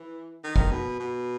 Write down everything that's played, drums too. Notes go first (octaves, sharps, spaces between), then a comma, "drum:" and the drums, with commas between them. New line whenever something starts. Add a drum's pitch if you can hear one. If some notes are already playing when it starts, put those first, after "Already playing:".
Already playing: E3
D#3
drum: kick
B2
B2